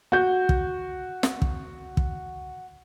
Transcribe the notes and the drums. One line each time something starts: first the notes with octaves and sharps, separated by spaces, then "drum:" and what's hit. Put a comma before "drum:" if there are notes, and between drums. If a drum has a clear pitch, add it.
F#4 G6
drum: kick
drum: snare
drum: kick
drum: kick